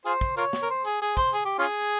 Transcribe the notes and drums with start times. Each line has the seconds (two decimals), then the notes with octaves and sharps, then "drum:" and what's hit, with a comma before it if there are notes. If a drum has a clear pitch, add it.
0.05 F4 G#4 C5, drum: hi-hat
0.21 drum: kick, hi-hat
0.37 F4 A#4 C#5, drum: hi-hat
0.53 drum: snare
0.63 A#4
0.70 C5
0.85 G#4, drum: hi-hat
1.02 G#4, drum: hi-hat
1.17 C5, drum: kick, hi-hat
1.33 G#4, drum: hi-hat
1.45 G4
1.59 C#4 F4 G#4
1.81 drum: hi-hat